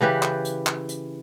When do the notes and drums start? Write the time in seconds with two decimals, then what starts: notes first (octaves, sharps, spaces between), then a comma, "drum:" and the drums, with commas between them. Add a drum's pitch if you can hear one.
0.01 C#3 E3 G4 B4
0.23 drum: clap
0.45 drum: hi-hat
0.67 drum: clap
0.89 drum: hi-hat